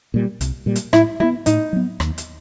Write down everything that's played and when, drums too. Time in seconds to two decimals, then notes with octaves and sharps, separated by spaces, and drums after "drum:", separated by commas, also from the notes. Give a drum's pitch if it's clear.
0.14 A#2 G3
0.41 C2, drum: hi-hat
0.66 A#2 G3
0.76 drum: hi-hat
0.93 A2 E4, drum: rim click
1.20 F#3 E4
1.23 B3
1.46 A2 D#4, drum: hi-hat
1.73 F#3 B3
2.00 D#2, drum: rim click
2.18 drum: hi-hat